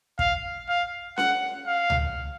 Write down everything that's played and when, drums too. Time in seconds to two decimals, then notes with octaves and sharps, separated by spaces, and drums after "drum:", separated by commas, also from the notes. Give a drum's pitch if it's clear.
0.19 F5, drum: kick
0.69 F5
1.18 F#5, drum: snare C#4
1.67 F5
1.90 drum: tom C#2